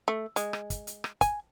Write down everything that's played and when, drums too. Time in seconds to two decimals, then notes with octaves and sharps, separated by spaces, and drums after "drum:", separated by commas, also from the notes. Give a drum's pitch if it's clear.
0.08 A3
0.36 G#3, drum: hi-hat
0.53 drum: rim click
0.70 drum: kick, hi-hat
0.87 drum: hi-hat
1.04 drum: rim click
1.21 G#5, drum: kick, hi-hat